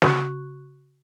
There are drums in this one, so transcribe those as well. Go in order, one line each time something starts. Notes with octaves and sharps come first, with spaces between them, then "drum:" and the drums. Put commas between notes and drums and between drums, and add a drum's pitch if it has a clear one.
C#3 F#4 C#6 F#6, drum: snare